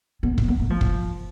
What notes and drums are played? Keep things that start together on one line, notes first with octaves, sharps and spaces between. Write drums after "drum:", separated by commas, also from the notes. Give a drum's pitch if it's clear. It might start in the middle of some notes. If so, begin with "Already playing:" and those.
B3
B3, drum: kick
B3
A3
F3
drum: kick